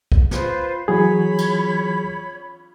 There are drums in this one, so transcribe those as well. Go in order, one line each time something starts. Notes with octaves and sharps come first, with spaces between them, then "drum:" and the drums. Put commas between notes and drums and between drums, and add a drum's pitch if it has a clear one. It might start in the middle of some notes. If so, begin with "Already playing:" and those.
drum: kick B1
F4 B4 C5, drum: snare
E3 F#3 G#4 C#5 B5
drum: cymbal